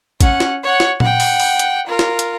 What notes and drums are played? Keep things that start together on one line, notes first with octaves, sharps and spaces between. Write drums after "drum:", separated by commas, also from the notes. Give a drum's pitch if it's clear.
C#4 F#5, drum: kick, hi-hat
drum: snare
C#5 F#5
drum: snare
F#5 G5, drum: tom A#2
drum: open hi-hat
drum: open hi-hat
drum: hi-hat
F4 A#4
drum: snare
drum: hi-hat